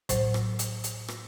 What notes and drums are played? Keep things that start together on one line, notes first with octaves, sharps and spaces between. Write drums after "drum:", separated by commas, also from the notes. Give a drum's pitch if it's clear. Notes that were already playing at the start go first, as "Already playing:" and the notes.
A2 F#3 C5, drum: kick, hi-hat
drum: rim click
drum: hi-hat
drum: hi-hat
drum: rim click